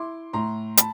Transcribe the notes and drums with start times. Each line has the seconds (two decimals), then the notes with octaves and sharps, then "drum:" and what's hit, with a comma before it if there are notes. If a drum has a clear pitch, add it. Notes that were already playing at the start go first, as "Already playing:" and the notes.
Already playing: E4 C6 D6
0.33 A2 A#5 C6
0.77 A5 B5, drum: hi-hat